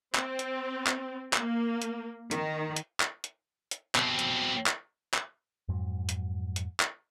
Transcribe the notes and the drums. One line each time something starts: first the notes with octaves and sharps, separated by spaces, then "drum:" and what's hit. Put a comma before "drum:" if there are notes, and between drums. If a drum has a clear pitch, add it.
C4, drum: clap
drum: hi-hat
drum: clap
A#3, drum: clap
drum: hi-hat
D#3, drum: hi-hat
drum: hi-hat
drum: clap
drum: hi-hat
drum: hi-hat
B2 C4, drum: clap
drum: hi-hat
drum: clap
drum: clap
F2 G#2 F#3
drum: hi-hat
drum: hi-hat
drum: clap